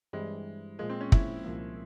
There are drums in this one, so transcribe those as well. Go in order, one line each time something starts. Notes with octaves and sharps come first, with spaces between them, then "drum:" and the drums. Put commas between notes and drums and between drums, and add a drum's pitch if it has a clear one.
G2 E3 G3 G#3 C4 E4
A#2 F3 G#3 A#3
C4
C#4
E4, drum: kick
C2 A#2 F3 A#3